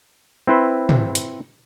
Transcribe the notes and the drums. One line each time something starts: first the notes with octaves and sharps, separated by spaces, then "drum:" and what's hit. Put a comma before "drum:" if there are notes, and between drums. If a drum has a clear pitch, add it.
C4 E4 B4 C5
drum: tom
drum: hi-hat